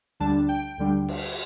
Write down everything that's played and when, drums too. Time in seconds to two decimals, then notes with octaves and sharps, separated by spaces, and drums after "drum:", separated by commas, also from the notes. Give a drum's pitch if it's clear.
0.20 D2 D3 G3 D4 A5
0.49 G5
0.78 D2 D3 G3 D4
1.09 drum: cymbal